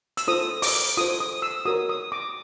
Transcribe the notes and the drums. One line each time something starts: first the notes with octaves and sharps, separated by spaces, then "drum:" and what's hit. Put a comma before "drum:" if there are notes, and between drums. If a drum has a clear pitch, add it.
E6, drum: hi-hat
F4 A4 C5 D#6
D6, drum: open hi-hat
F4 A4 C5 D#6
D#6
E6
F#4 A#4 C#5 D#6
D#6
D6